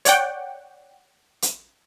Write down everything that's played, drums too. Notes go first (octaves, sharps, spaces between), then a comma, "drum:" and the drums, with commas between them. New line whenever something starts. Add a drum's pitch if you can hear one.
C#5 D5 F#5 G5, drum: hi-hat
drum: hi-hat